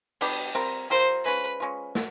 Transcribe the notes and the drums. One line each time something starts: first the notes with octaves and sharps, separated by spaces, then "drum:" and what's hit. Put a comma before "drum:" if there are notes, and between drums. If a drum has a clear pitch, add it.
F#3 B3 D4 G4, drum: cymbal
G3 C4 F4 A#4
G3 C4 F4 A#4 C5
G#3 C#4 F4 B4
G#3 C#4 F4
F#3, drum: snare